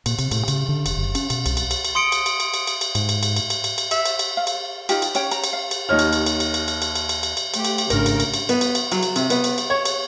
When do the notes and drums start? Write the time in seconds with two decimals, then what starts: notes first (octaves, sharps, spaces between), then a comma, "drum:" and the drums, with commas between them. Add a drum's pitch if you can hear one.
0.06 A#2, drum: cymbal
0.19 C3, drum: cymbal
0.31 A2, drum: cymbal
0.48 C#3, drum: cymbal
0.69 D3
0.86 F1, drum: cymbal
0.97 F#1
1.15 C#4, drum: cymbal
1.30 B2, drum: cymbal
1.46 C2, drum: cymbal
1.57 drum: cymbal
1.71 drum: cymbal
1.85 drum: cymbal
1.95 C6 D#6 C#7 D7
2.12 drum: cymbal
2.26 drum: cymbal
2.40 drum: cymbal
2.54 drum: cymbal
2.67 drum: cymbal
2.81 drum: cymbal
2.95 G#2, drum: cymbal
3.09 drum: cymbal
3.23 drum: cymbal
3.36 drum: cymbal
3.50 drum: cymbal
3.64 drum: cymbal
3.78 drum: cymbal
3.91 E5, drum: cymbal
4.05 drum: cymbal
4.19 drum: cymbal
4.37 F5
4.47 drum: cymbal
4.89 D#4 F4 G4, drum: cymbal
5.02 drum: cymbal
5.15 C#4 C#5 G5, drum: cymbal
5.31 A#5, drum: cymbal
5.44 drum: cymbal
5.53 F5
5.71 drum: cymbal
5.89 D#2 D#4 C#5 F6
5.99 drum: cymbal
6.13 drum: cymbal
6.26 drum: cymbal
6.40 drum: cymbal
6.54 drum: cymbal
6.68 drum: cymbal
6.82 drum: cymbal
6.95 drum: cymbal
7.09 drum: cymbal
7.23 drum: cymbal
7.37 drum: cymbal
7.54 A3 G4, drum: cymbal
7.65 drum: cymbal
7.78 drum: cymbal
7.90 G#1 G#2 C#3 A3 D4 A#4, drum: cymbal
8.06 drum: cymbal
8.20 drum: cymbal
8.34 drum: cymbal
8.49 B3, drum: cymbal
8.61 drum: cymbal
8.75 drum: cymbal
8.92 F#3, drum: cymbal
9.03 drum: cymbal
9.16 C3, drum: cymbal
9.30 B3, drum: cymbal
9.44 drum: cymbal
9.58 drum: cymbal
9.70 C#5
9.85 drum: cymbal